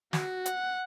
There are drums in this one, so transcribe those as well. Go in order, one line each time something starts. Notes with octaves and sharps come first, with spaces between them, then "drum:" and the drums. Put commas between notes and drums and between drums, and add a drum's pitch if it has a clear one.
F#4, drum: snare
F#5, drum: hi-hat